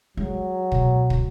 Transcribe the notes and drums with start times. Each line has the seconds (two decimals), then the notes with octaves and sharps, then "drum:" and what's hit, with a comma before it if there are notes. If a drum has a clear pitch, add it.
0.17 F#3 G#3
0.72 B2, drum: kick
1.10 drum: kick